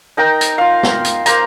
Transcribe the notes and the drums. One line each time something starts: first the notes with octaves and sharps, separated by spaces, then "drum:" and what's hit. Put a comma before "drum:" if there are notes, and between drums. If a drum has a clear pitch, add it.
D#4 A#4 G5 A#5
drum: hi-hat
F4 F5
drum: snare
drum: hi-hat
A#3 C5 A#5, drum: hi-hat